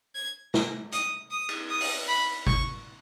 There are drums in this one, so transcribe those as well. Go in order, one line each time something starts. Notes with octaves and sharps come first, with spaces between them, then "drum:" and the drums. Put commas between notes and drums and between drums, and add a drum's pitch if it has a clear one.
G#6
A#6, drum: snare
D#6, drum: hi-hat
D#6
drum: cymbal
D#6
drum: open hi-hat
B5
C#6, drum: kick